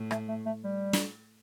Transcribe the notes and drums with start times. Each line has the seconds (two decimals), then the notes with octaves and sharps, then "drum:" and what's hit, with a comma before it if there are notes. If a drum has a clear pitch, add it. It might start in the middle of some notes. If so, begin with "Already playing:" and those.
Already playing: A2
0.11 A3, drum: rim click
0.28 A3
0.46 A3
0.64 G3
0.93 drum: snare